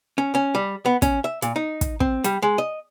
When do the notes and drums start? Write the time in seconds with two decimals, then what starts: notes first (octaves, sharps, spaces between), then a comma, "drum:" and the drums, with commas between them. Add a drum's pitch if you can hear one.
0.18 C#4
0.35 C#4
0.55 G3
0.86 B3
1.02 C#4, drum: kick, hi-hat
1.24 E5
1.42 A#2, drum: hi-hat
1.56 D#4
1.81 drum: kick, hi-hat
2.00 C4, drum: kick
2.24 G3, drum: hi-hat
2.42 G#3
2.58 D#5